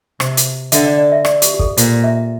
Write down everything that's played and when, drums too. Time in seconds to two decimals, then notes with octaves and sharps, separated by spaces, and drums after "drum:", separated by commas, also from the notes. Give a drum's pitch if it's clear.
0.20 C3 C5, drum: rim click
0.37 drum: hi-hat
0.72 D3 E5, drum: hi-hat
0.85 D5
0.98 D5
1.12 E5
1.25 D5, drum: rim click
1.42 G4, drum: hi-hat
1.54 G4
1.59 A4, drum: kick
1.78 A#2 C5, drum: hi-hat
2.04 E5